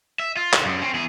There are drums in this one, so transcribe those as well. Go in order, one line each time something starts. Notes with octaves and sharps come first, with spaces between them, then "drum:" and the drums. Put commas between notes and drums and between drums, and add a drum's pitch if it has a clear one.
E5
F4
A3 C5, drum: clap
F#2
C4 C#4
E2 G#4